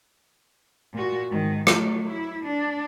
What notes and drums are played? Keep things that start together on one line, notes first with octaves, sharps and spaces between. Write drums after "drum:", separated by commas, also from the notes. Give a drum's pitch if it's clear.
A#2 F#4
G#2 D#3
F#3 A3, drum: rim click
E4
D4